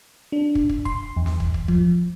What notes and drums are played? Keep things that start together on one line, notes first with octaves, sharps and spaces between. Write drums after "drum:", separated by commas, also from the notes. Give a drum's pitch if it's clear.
D4
drum: kick
drum: kick
C6, drum: kick
E2
drum: snare
drum: kick
drum: kick
F3, drum: kick